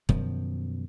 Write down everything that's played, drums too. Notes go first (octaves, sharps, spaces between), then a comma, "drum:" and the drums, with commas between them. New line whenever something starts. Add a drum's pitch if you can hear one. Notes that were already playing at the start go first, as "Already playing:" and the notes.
F#2 B2 D#3 F3, drum: kick E1